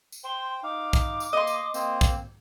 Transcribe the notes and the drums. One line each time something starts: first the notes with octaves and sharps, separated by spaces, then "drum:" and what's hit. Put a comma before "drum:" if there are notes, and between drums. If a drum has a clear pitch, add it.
drum: tambourine
C5 G5 C6
D#4 F5 D6
drum: kick, tambourine
drum: tambourine
A#3 D#5 C6
drum: tambourine
A#3 C4 C5, drum: tambourine
drum: kick, tambourine